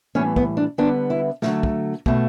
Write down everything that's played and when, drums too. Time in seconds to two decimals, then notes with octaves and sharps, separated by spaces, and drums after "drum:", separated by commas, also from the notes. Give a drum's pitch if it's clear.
0.15 A2 E3 G3 B3 C#4
0.36 B3, drum: kick
0.57 D4
0.78 D3 G3 B3 D4
1.10 E4
1.42 D3 F#3 A3, drum: snare
1.63 drum: kick
2.06 B2 A3, drum: kick